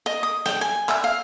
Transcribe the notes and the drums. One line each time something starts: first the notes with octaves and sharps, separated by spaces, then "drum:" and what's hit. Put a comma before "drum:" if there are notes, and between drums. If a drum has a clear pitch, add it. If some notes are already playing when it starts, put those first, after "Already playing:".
D#5
D#6
G5, drum: snare
G#5
E5, drum: clap
F5